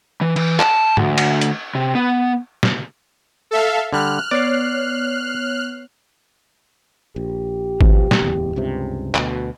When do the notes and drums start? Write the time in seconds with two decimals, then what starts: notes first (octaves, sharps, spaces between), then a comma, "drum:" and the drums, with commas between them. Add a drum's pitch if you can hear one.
0.21 E3
0.36 E3, drum: cymbal
0.59 A5, drum: clap
0.97 D2, drum: tom
1.18 drum: cymbal
1.41 drum: hi-hat
1.75 C3
1.95 B3
2.63 drum: snare
3.51 A4 E5 F5
3.93 D3 G3 F6 F#6
4.31 B3 C#5 D5 C7
7.16 A#1 G4
7.81 B2 F3, drum: kick G#1
8.11 drum: snare
8.22 D1 E2
8.56 C#2 G2 C3
9.15 D2 B2, drum: clap